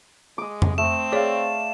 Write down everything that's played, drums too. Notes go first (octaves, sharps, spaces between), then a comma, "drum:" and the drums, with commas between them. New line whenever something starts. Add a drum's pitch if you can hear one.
G#3 D6 D#6
drum: tom F2
A3 C4 E7
G#4 C#5 D5 F5